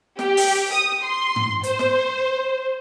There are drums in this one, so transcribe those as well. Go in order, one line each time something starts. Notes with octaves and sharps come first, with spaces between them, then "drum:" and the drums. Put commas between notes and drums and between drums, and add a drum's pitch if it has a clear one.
G4, drum: snare
drum: open hi-hat
D#6
C6
drum: tom G#2
C5, drum: hi-hat
drum: snare